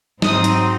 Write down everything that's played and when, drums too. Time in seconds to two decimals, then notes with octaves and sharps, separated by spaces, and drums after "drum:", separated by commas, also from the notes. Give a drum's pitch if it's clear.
0.22 G#2 F#3 C4 D#4 D#6, drum: snare
0.44 drum: hi-hat